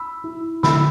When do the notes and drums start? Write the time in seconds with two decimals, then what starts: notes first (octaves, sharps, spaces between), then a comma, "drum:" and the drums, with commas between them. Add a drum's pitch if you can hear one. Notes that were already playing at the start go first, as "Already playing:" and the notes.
Already playing: B5 E6
0.24 E4
0.63 D3 B5 E6, drum: snare